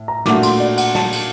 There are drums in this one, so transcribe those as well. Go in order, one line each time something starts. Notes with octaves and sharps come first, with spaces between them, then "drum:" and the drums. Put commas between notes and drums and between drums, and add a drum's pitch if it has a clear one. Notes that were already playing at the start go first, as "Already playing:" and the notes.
Already playing: A2
A#5
A#2 A3 D4 F#4 D6, drum: snare
C6, drum: cymbal
D5
F#5, drum: cymbal
A5, drum: snare
drum: cymbal